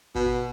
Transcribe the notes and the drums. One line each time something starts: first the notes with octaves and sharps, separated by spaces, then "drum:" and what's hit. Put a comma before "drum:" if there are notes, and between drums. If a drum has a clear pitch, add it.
B2, drum: kick G#1